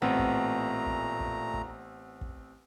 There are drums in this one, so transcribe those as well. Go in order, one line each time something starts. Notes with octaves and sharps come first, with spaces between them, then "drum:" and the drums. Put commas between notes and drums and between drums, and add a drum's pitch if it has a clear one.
A1 A#2 A3 B3 C4 A#5
drum: kick
drum: kick
drum: kick
drum: kick
drum: kick